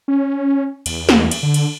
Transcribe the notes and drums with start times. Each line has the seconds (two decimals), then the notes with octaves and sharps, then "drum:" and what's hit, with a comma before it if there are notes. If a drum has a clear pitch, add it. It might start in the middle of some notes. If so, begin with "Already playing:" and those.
0.08 C#4
0.86 E2, drum: cymbal
1.09 drum: snare
1.31 drum: cymbal
1.43 D3
1.54 drum: cymbal